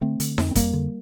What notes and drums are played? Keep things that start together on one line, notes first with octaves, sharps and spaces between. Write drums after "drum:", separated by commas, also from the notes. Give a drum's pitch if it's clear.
D3 A3 C4
D3, drum: hi-hat
F2, drum: snare D#4
C4
F2 G3 A#3, drum: kick, hi-hat
D3